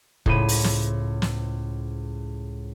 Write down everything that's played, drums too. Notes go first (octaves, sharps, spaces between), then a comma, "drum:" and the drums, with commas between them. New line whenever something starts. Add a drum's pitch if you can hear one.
C#2 A2 C5 B5 D#7, drum: kick
drum: open hi-hat
drum: snare
drum: snare